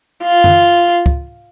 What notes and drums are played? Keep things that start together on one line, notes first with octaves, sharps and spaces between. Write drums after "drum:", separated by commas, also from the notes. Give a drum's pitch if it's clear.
F4
drum: tom F#2
drum: kick